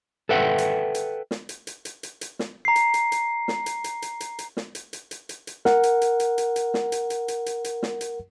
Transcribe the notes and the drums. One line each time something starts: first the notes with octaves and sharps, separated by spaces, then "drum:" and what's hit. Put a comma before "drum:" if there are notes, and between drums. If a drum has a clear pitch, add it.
A4 B4 E5 F#5 G5
drum: hi-hat
drum: hi-hat
drum: snare
drum: hi-hat
drum: hi-hat
drum: hi-hat
drum: hi-hat
drum: hi-hat
drum: snare
A#5 C7
drum: hi-hat
drum: hi-hat
drum: hi-hat
drum: snare
drum: hi-hat
drum: hi-hat
drum: hi-hat
drum: hi-hat
drum: hi-hat
drum: snare
drum: hi-hat
drum: hi-hat
drum: hi-hat
drum: hi-hat
drum: hi-hat
A#4 F#5, drum: snare
drum: hi-hat
drum: hi-hat
drum: hi-hat
drum: hi-hat
drum: hi-hat
drum: snare
drum: hi-hat
drum: hi-hat
drum: hi-hat
drum: hi-hat
drum: hi-hat
drum: snare
drum: hi-hat